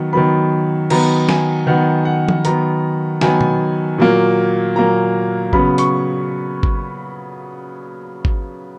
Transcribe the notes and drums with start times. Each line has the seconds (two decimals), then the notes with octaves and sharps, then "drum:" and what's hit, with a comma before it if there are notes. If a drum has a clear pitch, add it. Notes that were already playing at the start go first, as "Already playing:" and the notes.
Already playing: D#3 F#3 B3
0.13 D#3 F#3 B3 B5
0.90 D#3 F#3 B3 A#5, drum: cymbal
1.29 G#5, drum: snare
1.67 D#3 F#3 B3 F#5
2.05 F#5
2.28 drum: tom
2.45 D#3 F#3 B3 A#5, drum: hi-hat
3.21 D#3 F#3 B3 G#5, drum: snare
3.41 drum: tom B2
3.98 A#2 F#3 A#3
4.76 A#2 F#3 A#3 A#5
5.53 C#3 F#3 B3 B5, drum: kick G#1
5.78 C#6, drum: hi-hat
6.63 drum: kick G#1
8.25 drum: kick G#1